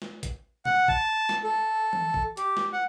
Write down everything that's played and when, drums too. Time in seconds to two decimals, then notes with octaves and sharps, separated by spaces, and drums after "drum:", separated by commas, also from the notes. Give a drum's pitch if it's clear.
0.02 drum: snare
0.23 drum: kick, hi-hat
0.65 F#5, drum: tom
0.88 A5, drum: kick
1.29 drum: snare
1.44 A4
1.93 drum: tom E3
2.14 drum: kick
2.37 G4, drum: hi-hat
2.57 drum: snare
2.73 F#5